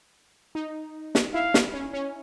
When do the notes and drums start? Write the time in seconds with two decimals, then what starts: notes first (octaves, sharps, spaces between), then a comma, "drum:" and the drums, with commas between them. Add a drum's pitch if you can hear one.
0.55 D#4
1.15 drum: snare
1.34 E4 F5
1.54 drum: snare
1.74 C#4
1.93 C#4